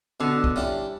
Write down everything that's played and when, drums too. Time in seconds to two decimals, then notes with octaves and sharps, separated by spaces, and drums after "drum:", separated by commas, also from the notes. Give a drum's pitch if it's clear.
0.20 B2 D3
0.44 drum: kick
0.56 G3 C#4 E4